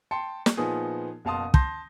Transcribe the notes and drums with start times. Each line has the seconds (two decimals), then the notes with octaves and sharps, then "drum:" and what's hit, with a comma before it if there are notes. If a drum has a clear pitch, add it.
0.11 G5 A5 C6 C#7
0.46 drum: snare
0.57 A#2 F3 B3 D#4 G#4
1.25 F#1 B2 F5 A5 C6 D#6
1.54 A5 C6 G6 A#6, drum: kick